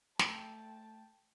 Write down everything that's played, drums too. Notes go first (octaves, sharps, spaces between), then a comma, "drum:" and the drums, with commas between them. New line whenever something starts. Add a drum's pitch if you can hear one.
A3 G5 A5 A#5 E6, drum: snare